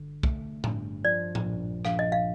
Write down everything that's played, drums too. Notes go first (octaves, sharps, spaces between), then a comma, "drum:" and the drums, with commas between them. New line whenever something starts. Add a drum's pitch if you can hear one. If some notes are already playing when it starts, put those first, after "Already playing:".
Already playing: G1 D3
A3, drum: kick
G2, drum: tom A2
F3 D5
drum: tom A2
A#1
A#1 F5, drum: rim click
D#5
F5